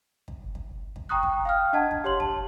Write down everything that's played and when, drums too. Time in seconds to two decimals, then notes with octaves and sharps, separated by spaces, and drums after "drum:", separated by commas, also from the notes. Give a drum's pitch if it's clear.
0.28 drum: kick
0.55 drum: kick
0.96 drum: kick
1.09 G5 A#5 C#6 D#6 F#6
1.23 drum: kick
1.45 F5 G5 F6
1.73 D4 D#5 F#5 A5 G#6
1.91 drum: kick
2.04 G4 C#5 C6 F#7
2.20 A5, drum: kick